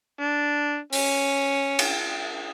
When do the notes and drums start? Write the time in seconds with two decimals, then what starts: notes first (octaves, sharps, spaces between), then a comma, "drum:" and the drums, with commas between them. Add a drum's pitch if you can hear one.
0.20 D4
0.93 C#4, drum: open hi-hat
1.79 drum: cymbal